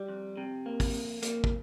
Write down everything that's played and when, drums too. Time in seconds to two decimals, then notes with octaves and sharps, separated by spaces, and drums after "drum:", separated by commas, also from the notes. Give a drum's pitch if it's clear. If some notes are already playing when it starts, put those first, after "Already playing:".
Already playing: G3
0.09 F2
0.37 C3
0.66 A#3
0.80 drum: kick, open hi-hat
0.94 F2
1.22 A#3, drum: hi-hat
1.44 drum: kick